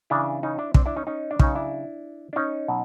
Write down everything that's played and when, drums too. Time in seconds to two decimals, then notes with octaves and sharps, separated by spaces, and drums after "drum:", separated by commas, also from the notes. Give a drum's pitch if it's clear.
0.10 C#3 E3 D4 E4
0.43 C#4 D#4
0.58 D4 E4
0.74 C4 D4, drum: kick
0.86 D4 E4
0.96 C#4 D#4
1.07 C#4 D#4
1.31 D4
1.39 C#3 F#3 C#4 D#4, drum: kick
1.55 D4 E4
2.33 D4
2.36 C#4 D#4
2.68 B2 F#3